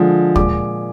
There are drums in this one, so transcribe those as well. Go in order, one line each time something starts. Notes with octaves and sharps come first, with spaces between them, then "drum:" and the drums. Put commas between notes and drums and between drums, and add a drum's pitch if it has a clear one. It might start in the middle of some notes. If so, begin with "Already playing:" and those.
Already playing: D3 F3 G#3
A#2 G#3 D6, drum: kick